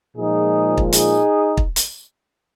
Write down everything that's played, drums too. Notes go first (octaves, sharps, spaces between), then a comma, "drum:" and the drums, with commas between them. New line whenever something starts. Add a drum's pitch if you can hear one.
A#2 F3 G#3 D#4 G#4
drum: kick
D#4 G#4, drum: hi-hat
drum: kick
drum: hi-hat